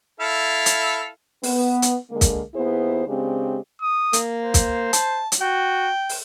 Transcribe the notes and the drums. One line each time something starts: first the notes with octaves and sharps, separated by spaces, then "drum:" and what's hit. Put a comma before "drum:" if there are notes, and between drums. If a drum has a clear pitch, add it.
E4 A4 F5
drum: hi-hat
B3, drum: open hi-hat
drum: hi-hat
D3 G#3 A#3
drum: kick, hi-hat
D#2 B3 E4 G#4 C5
C#3 G#3 C4 D4 G4
D#6
A#3, drum: hi-hat
C5
drum: kick, hi-hat
A5, drum: hi-hat
drum: hi-hat
F#4 G5
drum: open hi-hat